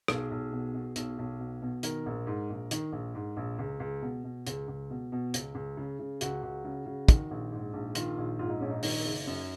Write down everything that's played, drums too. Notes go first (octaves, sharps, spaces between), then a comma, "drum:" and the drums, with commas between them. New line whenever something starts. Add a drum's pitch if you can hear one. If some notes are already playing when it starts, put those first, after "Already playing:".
B1 G#4, drum: rim click
B1
B2
B2
B1, drum: hi-hat
B1
B2
B2
D#3 A#4, drum: hi-hat
A#1
G#2
A#1
D#3, drum: hi-hat
A#1
G#2
A#1
C#2
C#2
B2
B2
C#2, drum: hi-hat
C#2
B2
B2
C#2, drum: hi-hat
C#2
C#3
C#3
C#2 F#4, drum: hi-hat
C#2
C#3
C#3
D#3, drum: kick, hi-hat
A#1
G#2
A#1
D#3 F4, drum: hi-hat
A#1
G#2 F4
D#4
A#1 C#4
D#4
D#3 D#4, drum: open hi-hat
F#1
F#2